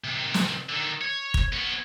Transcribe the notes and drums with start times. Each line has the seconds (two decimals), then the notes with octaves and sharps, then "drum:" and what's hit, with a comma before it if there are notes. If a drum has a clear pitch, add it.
0.04 C3 D#3
0.34 drum: snare
0.69 D3 D#3
1.01 C#5
1.34 drum: kick
1.53 B3 C#5